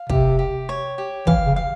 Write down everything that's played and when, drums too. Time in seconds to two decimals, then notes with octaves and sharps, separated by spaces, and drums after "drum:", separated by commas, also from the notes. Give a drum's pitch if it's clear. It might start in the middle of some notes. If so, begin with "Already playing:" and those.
Already playing: F5
0.09 C3 G4, drum: kick
0.39 G4
0.69 C#5
0.98 G4
1.27 E3 F5, drum: kick
1.47 C#3
1.56 F5